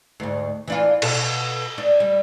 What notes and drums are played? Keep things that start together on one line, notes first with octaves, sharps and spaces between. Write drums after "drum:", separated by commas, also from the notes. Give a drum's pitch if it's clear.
D2 G#2
E3 D4 F4
B2 F4 A4, drum: cymbal
D4
G3